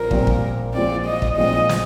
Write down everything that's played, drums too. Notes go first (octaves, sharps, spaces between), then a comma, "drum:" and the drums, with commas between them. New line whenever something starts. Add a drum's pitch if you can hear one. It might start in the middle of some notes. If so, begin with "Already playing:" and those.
Already playing: A#1 A#2 C4 A#4
A#1 A#2 G3 C4, drum: kick
drum: kick
A#1 A#2 G#3 C4 D5
D#5
drum: kick
A#1 A#2 G#3 C4 D#5
drum: snare